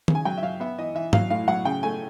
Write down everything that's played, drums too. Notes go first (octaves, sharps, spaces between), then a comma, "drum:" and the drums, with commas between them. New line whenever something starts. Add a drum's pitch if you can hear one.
C#3, drum: tom D#3
G#5
F#3 G5
E5
F#3 F5
B3 E5
E3 D#5
E3 E5
F#3 F5, drum: tom G#2
A2 F5
F#3 F#5
C#3 G5
A3 G#5